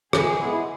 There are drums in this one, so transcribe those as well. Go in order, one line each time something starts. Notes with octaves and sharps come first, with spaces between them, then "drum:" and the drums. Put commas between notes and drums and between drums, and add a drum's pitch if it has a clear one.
D#3 G#4, drum: rim click
G#3 B3 E4